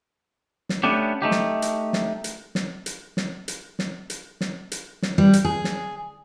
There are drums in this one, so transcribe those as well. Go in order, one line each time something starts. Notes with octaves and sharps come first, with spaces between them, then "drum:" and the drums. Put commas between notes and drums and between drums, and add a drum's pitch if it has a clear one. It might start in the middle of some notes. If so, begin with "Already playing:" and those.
drum: snare
A3 B3 C#4 D4 G4
A3 D#4 G4
drum: snare
drum: hi-hat
drum: snare
drum: hi-hat
drum: snare
drum: hi-hat
drum: snare
drum: hi-hat
drum: snare
drum: hi-hat
drum: snare
drum: hi-hat
drum: snare
G3
drum: hi-hat
G#4
drum: snare